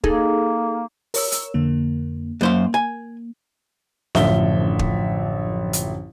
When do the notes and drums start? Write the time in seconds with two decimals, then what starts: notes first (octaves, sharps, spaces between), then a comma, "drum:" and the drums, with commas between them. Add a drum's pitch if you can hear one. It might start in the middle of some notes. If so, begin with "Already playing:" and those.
0.04 A#3 D#4 G#4 A4, drum: kick
1.14 A#4 C#5 E6, drum: open hi-hat
1.32 drum: hi-hat
1.54 F2 D3 A#3
2.41 F#2 A#3 C5 F5
2.74 G#5
4.15 A1 F#2 D3 F3 E5 G7, drum: snare D4
4.79 drum: kick
5.73 drum: hi-hat